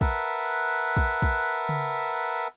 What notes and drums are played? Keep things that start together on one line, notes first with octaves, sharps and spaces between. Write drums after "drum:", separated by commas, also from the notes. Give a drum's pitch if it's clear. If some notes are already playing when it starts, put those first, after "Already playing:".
A#4 B4 E5 F#5 A5, drum: kick
drum: kick
drum: kick
drum: tom C#3